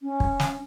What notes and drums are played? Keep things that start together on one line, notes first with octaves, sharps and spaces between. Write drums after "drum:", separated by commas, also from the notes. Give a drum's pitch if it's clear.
C#4
drum: kick
drum: snare